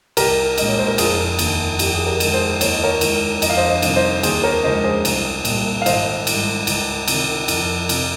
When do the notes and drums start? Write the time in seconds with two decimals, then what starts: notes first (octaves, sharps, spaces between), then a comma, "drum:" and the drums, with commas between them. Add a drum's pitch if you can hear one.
0.17 C2 G4 A#4, drum: cymbal
0.58 A#2 G#3 D#5, drum: cymbal
0.68 C#5
0.78 C5
0.88 A#4
0.98 F1 F4 G#4, drum: cymbal
1.39 D#2 D#3, drum: cymbal
1.79 F2 G4, drum: cymbal
1.95 G#4
2.07 G4 A#4
2.20 D#3 G#3, drum: cymbal
2.34 G#4 C5
2.61 D#2 C#5, drum: cymbal
2.72 D#5
2.83 A#4 C#5
3.01 D#3 G#3, drum: cymbal
3.42 F2 D#5, drum: cymbal
3.50 F5
3.57 C5 D#5
3.69 C5 D#5
3.82 C3 D#3 G3, drum: cymbal
3.96 C5 D#5
4.23 D#2 G#4 C5, drum: cymbal
4.44 A#4 C#5
4.64 C#3 F3 G#3 C5 D#5
4.84 G#4 C5
5.05 C2, drum: cymbal
5.45 A#2 G3, drum: cymbal
5.82 F5
5.86 G#1 C5 D#5, drum: cymbal
6.27 G#2 G3, drum: cymbal
6.67 C#2, drum: cymbal
7.08 C3 D#3, drum: cymbal
7.48 F2, drum: cymbal
7.89 C3 F3, drum: cymbal